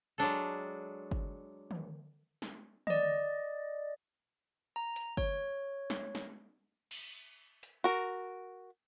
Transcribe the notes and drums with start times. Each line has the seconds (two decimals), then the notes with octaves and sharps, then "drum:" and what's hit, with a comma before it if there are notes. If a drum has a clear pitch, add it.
0.18 F#3 G#3 D4 A4
1.11 drum: kick
1.71 drum: tom
2.42 drum: snare
2.87 D5 D#5, drum: tom
4.76 A#5
4.96 drum: hi-hat
5.17 C#5, drum: kick
5.90 drum: snare
6.15 drum: snare
6.91 drum: cymbal
7.63 drum: hi-hat
7.84 F#4 A#4